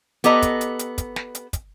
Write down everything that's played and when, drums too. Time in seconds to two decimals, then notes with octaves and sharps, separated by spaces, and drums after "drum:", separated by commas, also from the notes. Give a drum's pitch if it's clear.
0.24 B3 G4 A4 D#5 A#5, drum: hi-hat
0.42 drum: kick, hi-hat
0.61 drum: hi-hat
0.79 drum: hi-hat
0.98 drum: kick, hi-hat
1.16 drum: snare
1.35 drum: hi-hat
1.53 drum: kick, hi-hat